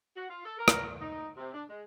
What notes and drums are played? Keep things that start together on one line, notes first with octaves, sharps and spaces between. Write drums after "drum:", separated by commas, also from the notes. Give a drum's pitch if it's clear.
F#4
F4
A4
A#4
drum: rim click
D#4
C3
D4
G#3